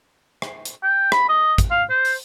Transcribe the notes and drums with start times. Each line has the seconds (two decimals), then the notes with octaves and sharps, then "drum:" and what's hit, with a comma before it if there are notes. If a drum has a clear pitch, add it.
0.42 drum: rim click
0.65 drum: hi-hat
0.83 G5
1.12 B5, drum: rim click
1.29 D#5
1.58 drum: kick, hi-hat
1.71 F5
1.89 C5
2.05 drum: open hi-hat